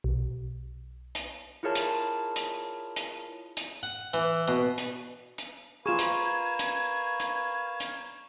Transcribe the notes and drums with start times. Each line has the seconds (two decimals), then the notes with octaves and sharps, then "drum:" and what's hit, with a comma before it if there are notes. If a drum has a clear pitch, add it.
0.04 B1
1.15 drum: hi-hat
1.63 E4 F4 G#4 A#4 C#5 A5
1.75 drum: hi-hat
2.36 drum: hi-hat
2.96 drum: hi-hat
3.57 drum: hi-hat
3.83 F#5
4.14 E3
4.48 B2
4.78 drum: hi-hat
5.38 drum: hi-hat
5.86 F4 G#4 A#4 B4 F5 C#6 G#6 E7
5.99 drum: hi-hat
6.59 drum: hi-hat
7.20 drum: hi-hat
7.80 drum: hi-hat